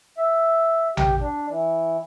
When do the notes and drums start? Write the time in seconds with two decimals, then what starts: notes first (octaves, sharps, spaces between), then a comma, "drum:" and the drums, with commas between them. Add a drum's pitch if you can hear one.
0.18 E5
0.97 G4, drum: tom A#1
1.20 D4
1.49 E3